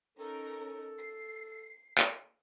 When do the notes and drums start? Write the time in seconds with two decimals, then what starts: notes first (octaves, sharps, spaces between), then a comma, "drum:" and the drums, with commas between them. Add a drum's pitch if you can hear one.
0.18 C#4 D#4 A4 A#4
0.99 C7
1.98 drum: clap